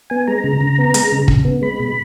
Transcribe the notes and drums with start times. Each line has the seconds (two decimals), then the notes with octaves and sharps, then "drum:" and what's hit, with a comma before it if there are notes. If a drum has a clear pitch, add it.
0.10 B3 G#5
0.27 G#3 A#5
0.44 C#3
0.61 C#3
0.78 B3
0.94 G#3, drum: hi-hat
1.12 C#3
1.28 C#3, drum: kick
1.45 B3
1.62 G#3 B5
1.80 B2